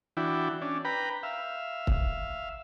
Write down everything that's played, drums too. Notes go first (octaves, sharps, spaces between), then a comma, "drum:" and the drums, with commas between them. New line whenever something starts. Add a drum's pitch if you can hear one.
E3 D4 E4 F#4 G5
C#4 D4
B4 G5 A#5 B5
E5 F5
drum: kick C#1